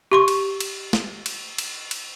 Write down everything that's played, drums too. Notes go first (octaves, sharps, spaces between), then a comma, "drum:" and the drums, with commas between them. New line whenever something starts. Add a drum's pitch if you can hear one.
G4 C6 C#6
drum: cymbal
drum: cymbal
drum: snare
drum: cymbal
drum: cymbal
drum: cymbal